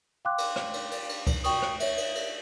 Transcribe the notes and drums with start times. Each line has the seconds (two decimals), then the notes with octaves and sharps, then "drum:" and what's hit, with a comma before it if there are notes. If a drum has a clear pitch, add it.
0.25 F5 G5 C6 D6 F#6
0.38 drum: cymbal
0.56 drum: rim click
0.74 drum: cymbal
0.91 drum: cymbal
1.09 drum: cymbal
1.27 drum: kick C#2, cymbal
1.44 F#4 G5 C#6 D#6, drum: cymbal
1.62 drum: rim click
1.80 C#5 E5, drum: cymbal
1.98 drum: cymbal
2.15 drum: cymbal